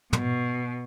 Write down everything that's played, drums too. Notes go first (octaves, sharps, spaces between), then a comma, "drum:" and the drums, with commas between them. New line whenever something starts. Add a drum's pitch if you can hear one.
B2, drum: tom